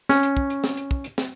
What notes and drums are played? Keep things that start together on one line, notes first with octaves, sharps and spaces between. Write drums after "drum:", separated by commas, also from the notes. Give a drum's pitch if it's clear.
C#4, drum: snare
drum: hi-hat
drum: kick
drum: hi-hat
drum: snare
drum: hi-hat
drum: kick
drum: hi-hat
drum: snare